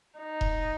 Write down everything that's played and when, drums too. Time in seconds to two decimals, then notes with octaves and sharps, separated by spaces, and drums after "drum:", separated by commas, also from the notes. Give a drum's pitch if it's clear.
0.20 D#4
0.41 drum: kick E1